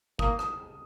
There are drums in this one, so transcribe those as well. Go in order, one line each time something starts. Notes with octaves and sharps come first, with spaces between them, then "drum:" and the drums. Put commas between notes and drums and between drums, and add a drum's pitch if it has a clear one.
A#3 D#6, drum: kick
D#6, drum: rim click